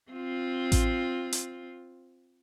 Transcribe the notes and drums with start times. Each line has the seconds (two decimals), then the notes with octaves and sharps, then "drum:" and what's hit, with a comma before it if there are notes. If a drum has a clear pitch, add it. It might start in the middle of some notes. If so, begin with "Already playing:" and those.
0.11 C4 F4
0.72 drum: kick A1, hi-hat
1.32 drum: hi-hat